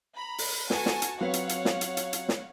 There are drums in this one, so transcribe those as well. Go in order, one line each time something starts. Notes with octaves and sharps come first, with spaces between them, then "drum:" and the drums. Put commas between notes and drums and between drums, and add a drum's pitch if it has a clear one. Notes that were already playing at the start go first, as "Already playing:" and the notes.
A#5 B5
drum: open hi-hat
F#4 A4 B4 G#5 A5, drum: snare
drum: snare
drum: hi-hat
F#3 C4 B4 C#5 F5 F#5
drum: hi-hat
drum: hi-hat
drum: snare
drum: hi-hat
drum: hi-hat
drum: hi-hat
drum: snare